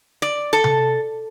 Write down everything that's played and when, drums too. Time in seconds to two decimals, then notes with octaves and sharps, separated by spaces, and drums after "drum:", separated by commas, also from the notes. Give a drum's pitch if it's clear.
0.22 D5
0.53 A4
0.64 drum: tom C3